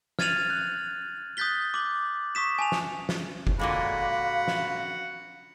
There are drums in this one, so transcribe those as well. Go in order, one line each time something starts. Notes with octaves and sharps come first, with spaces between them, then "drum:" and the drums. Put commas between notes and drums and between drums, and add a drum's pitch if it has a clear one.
F6 G#6 A6 D#7 F7 F#7, drum: snare
F#6
D#6 F#6 G6 A6 B6 G7
D6 F#7
C#6 D#6 B6 E7
G#5 A5 F7
drum: snare
drum: snare
drum: kick
A#2 D3 G#3 F#4 F5 B5
drum: snare